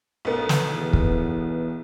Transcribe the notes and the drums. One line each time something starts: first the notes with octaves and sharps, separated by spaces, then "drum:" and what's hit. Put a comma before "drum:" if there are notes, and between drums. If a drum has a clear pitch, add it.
B1 A3 B3
drum: snare
E2
drum: kick